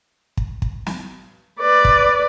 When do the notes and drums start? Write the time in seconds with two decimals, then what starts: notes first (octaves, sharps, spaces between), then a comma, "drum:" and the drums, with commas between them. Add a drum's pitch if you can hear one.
0.37 drum: kick
0.62 drum: kick
0.86 drum: snare
1.60 B4 D5
1.85 drum: kick